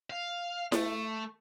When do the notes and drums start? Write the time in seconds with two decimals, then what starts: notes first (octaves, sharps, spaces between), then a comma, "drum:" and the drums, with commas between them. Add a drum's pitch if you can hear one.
0.10 F5
0.72 A3, drum: snare E4